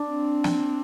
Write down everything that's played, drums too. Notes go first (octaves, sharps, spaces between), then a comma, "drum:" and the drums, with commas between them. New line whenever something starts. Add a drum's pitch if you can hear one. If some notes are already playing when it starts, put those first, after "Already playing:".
Already playing: D4
C4
drum: snare